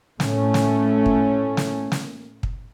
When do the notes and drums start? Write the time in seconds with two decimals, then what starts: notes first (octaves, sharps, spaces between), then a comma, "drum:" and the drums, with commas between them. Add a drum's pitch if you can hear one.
0.20 A2 A3 C#4, drum: snare
0.54 drum: snare
1.06 drum: kick
1.57 drum: snare
1.92 drum: snare
2.43 drum: kick